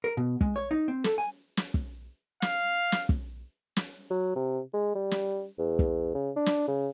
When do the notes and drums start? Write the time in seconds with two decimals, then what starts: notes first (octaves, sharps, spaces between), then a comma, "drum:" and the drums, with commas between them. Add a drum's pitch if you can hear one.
0.04 A#4
0.17 B2
0.41 G#3, drum: kick
0.56 C#5
0.71 D#4
0.88 C4
1.04 A4, drum: snare
1.18 G#5
1.57 drum: snare
1.74 drum: kick
2.42 F5, drum: snare
2.92 drum: snare
3.09 drum: kick
3.76 drum: snare
4.10 F#3
4.35 C3
4.74 G#3
4.95 G3
5.11 drum: snare
5.59 E2
5.79 drum: kick
6.15 C#3
6.36 D4
6.46 drum: snare
6.68 C#3